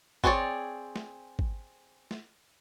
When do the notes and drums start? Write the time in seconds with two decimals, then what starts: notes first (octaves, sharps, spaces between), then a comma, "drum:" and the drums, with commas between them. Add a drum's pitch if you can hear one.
0.24 C4 D4 G#4 C#5 D5, drum: kick
0.96 drum: snare
1.39 drum: kick
2.11 drum: snare